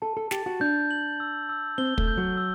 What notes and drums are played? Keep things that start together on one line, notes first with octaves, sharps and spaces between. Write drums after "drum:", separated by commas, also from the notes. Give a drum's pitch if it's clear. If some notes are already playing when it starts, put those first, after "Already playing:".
A4 A5
A4
G4 A6, drum: snare
F#4
D4 G6
F#7
E6
E6
C4 G7
A3, drum: kick
G6
F#3
E6